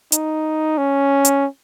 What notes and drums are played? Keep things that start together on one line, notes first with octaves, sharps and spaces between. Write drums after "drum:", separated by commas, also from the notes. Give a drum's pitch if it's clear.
D#4, drum: hi-hat
C#4
drum: hi-hat